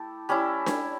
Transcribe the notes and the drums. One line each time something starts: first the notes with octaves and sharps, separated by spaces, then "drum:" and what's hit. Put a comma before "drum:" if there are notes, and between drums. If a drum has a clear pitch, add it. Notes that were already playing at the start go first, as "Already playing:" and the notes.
Already playing: A3 E4 G4 A4
G3 C#4 E4
drum: snare D4